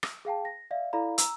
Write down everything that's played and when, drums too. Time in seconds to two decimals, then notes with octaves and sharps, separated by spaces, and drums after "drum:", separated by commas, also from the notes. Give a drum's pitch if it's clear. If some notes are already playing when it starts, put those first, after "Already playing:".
0.03 drum: rim click
0.25 G#4 F5 G5 A5
0.45 A#6
0.71 D5 E5 F5
0.93 E4 A4 D5 F5 A#5 B5
1.18 A#5 E6, drum: hi-hat